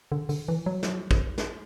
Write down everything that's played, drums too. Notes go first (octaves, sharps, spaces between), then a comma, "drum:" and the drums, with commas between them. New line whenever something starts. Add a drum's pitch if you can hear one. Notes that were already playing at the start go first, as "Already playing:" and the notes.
D3
D3, drum: open hi-hat
E3
F#3
drum: snare
drum: kick
drum: snare